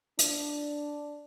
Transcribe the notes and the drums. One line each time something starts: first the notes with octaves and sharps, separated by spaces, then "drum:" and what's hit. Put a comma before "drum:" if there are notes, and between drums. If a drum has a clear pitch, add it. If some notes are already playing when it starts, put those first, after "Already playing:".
D4, drum: hi-hat